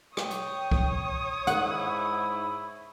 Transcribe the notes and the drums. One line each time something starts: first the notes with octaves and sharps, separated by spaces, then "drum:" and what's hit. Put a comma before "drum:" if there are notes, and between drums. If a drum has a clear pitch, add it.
C#5 G5 D#6, drum: rim click
drum: hi-hat
drum: kick C2
G#2 E4 F#5, drum: hi-hat